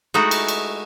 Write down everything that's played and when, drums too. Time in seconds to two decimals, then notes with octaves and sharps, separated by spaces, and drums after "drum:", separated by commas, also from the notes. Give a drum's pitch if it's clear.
0.14 G#3 A3 D#4 E4 F#4
0.31 drum: cymbal
0.48 drum: cymbal